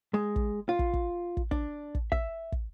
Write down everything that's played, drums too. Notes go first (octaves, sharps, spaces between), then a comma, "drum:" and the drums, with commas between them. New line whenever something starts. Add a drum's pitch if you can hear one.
G#3
drum: kick
F4
drum: kick
drum: kick
drum: kick
D4, drum: kick
drum: kick
E5, drum: kick
drum: kick